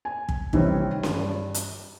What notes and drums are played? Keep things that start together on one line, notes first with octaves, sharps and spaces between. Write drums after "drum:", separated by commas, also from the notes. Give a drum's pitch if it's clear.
G#5
drum: kick
C3 D#3 E3 G3 C4 C#4, drum: kick
G2 D4, drum: snare C#4
drum: hi-hat